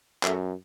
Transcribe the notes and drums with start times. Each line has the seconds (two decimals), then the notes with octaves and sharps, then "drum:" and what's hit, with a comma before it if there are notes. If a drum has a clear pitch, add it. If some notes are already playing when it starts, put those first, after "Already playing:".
0.23 F#2 F#4 A4 E5, drum: clap